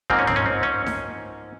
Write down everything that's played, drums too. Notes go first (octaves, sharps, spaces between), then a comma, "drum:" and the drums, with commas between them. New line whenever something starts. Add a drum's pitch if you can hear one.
G#2 F3 A#3 C4, drum: kick
C#4
C4, drum: tom
C#4
C4
C#4
drum: snare D#4